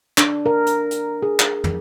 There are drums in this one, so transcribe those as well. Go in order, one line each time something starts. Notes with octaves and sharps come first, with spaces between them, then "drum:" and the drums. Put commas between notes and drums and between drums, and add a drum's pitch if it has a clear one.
D4, drum: clap
A#4
drum: hi-hat
drum: hi-hat
G#4
drum: clap
drum: tom